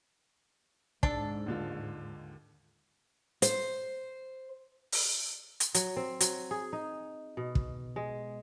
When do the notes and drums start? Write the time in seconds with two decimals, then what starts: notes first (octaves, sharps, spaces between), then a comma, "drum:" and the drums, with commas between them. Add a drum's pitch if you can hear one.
1.03 G#2 D4 A4, drum: kick
1.46 D#2 D3 F4
3.42 C5, drum: hi-hat
4.92 drum: open hi-hat
5.60 drum: hi-hat
5.74 F#3, drum: hi-hat
5.97 C4
6.20 F#3, drum: hi-hat
6.51 G#4
6.73 D#4
7.37 B2
7.55 drum: kick
7.96 G#3